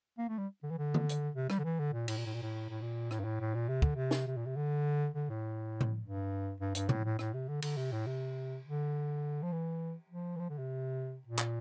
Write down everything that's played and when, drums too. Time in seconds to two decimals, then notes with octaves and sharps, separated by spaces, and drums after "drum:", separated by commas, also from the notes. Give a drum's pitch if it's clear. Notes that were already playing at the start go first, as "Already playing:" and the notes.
0.18 A#3
0.28 A3
0.38 G3
0.63 D3
0.70 E3
0.78 D3
0.94 drum: tom D#3
1.09 drum: hi-hat
1.35 C3
1.50 G3, drum: rim click
1.59 D3
1.64 E3
1.79 D3
1.93 A#2
2.08 A2, drum: cymbal
2.17 A#2
2.26 A2
2.33 A#2
2.42 A2
2.69 A2
2.81 A#2
3.11 A2, drum: rim click
3.20 G2
3.24 A2
3.40 A2
3.55 A#2
3.69 C3
3.82 D3, drum: kick
3.96 C3
4.11 drum: snare
4.27 C3
4.37 A#2
4.46 C3
4.56 D3
5.14 D3
5.29 A2
5.81 drum: tom A2
6.02 G2
6.60 G2
6.75 G2, drum: hi-hat
6.89 A2, drum: tom A2
7.05 A2
7.19 A2, drum: rim click
7.34 C3
7.49 D3
7.62 D3, drum: cymbal
7.77 C3
7.92 A2
8.06 C3
8.64 D3
9.43 F3
9.52 E3
10.10 F3
10.36 E3
10.39 F3
10.50 D3
10.58 C3
11.27 A#2
11.39 drum: clap